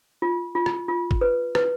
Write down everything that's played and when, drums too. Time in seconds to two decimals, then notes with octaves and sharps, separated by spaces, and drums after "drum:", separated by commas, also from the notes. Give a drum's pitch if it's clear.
0.22 F4
0.55 F4
0.66 drum: rim click
0.88 F4
1.11 drum: kick
1.21 B4
1.55 B4, drum: rim click